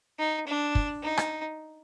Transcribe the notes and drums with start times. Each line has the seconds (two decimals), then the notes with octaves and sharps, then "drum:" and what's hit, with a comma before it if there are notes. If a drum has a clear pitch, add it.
0.19 D#4
0.47 D4
0.75 drum: kick
1.03 D#4
1.17 drum: rim click